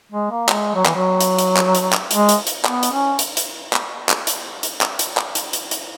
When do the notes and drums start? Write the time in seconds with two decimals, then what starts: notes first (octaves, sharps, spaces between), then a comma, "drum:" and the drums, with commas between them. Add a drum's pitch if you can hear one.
0.12 G#3
0.31 A#3
0.49 G#3, drum: clap
0.75 F#3
0.86 E3, drum: clap
0.95 F#3
1.21 drum: hi-hat
1.39 drum: hi-hat
1.57 drum: clap
1.75 drum: hi-hat
1.93 drum: clap
2.11 G#3, drum: hi-hat
2.29 drum: hi-hat
2.47 drum: hi-hat
2.65 B3, drum: clap
2.83 drum: hi-hat
2.92 C#4
3.19 drum: hi-hat
3.37 drum: hi-hat
3.73 drum: clap
4.09 drum: clap
4.27 drum: hi-hat
4.63 drum: hi-hat
4.81 drum: clap
4.99 drum: hi-hat
5.17 drum: clap
5.35 drum: hi-hat
5.53 drum: hi-hat
5.71 drum: hi-hat